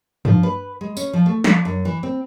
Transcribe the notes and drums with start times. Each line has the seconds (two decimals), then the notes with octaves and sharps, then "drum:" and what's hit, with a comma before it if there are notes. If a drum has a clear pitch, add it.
0.25 F3, drum: tom G2
0.43 B4
0.81 G#3
0.97 C#4, drum: tambourine
1.13 F3
1.26 A3
1.44 F3, drum: snare
1.65 F#2
1.85 E3
2.03 C4